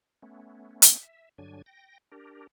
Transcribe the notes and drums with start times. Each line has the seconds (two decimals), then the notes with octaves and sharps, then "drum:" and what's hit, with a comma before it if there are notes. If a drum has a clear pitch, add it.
0.22 A3 B3 C#4
0.82 drum: hi-hat
1.03 E5
1.38 G2 D3 F#3 D4 G#5
1.66 G5 A#6
2.12 D4 G4 A#4